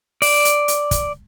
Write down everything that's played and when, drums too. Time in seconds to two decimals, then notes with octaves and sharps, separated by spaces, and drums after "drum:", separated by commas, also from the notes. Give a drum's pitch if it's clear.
0.22 D5, drum: open hi-hat
0.45 drum: hi-hat
0.68 drum: hi-hat
0.91 drum: kick, hi-hat